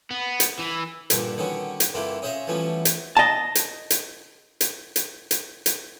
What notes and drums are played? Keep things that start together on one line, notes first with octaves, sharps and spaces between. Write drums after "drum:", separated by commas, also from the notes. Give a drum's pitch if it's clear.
B3
drum: hi-hat
E3
G2 A#2 D3 G3, drum: hi-hat
D3 D#3 G3 B3 C#4 F#4
drum: hi-hat
G2 D3 A#3 C4 E4 F4
C#4 G#4 C5 E5 F5 A#5
E3 F3 G3 A3 B3 C#4
drum: hi-hat
D#5 A5
drum: hi-hat
drum: hi-hat
drum: hi-hat
drum: hi-hat
drum: hi-hat
drum: hi-hat